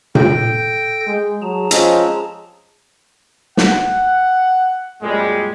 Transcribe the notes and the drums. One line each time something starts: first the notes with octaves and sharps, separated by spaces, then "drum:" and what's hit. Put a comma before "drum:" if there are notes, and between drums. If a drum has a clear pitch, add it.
A4 G5 G6 A#6, drum: tom A#2
G#3
F#3 G#4 A5 A#5
F3 G#3 C4 C#4, drum: hi-hat
F#5, drum: snare
F#2 A#2 G3 G#3